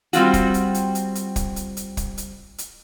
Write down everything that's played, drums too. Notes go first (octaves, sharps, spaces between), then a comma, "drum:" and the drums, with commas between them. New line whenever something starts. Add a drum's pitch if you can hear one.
G3 C4 F4 F#4, drum: hi-hat
drum: kick, hi-hat
drum: hi-hat
drum: hi-hat
drum: hi-hat
drum: hi-hat
drum: kick, hi-hat
drum: hi-hat
drum: hi-hat
drum: kick, hi-hat
drum: hi-hat
drum: hi-hat